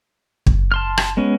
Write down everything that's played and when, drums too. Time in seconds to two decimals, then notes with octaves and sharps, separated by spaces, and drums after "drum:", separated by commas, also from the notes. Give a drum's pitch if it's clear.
0.46 F#1, drum: kick
0.72 A5 C6 F6
0.98 drum: rim click
1.17 G#3 B3 C#4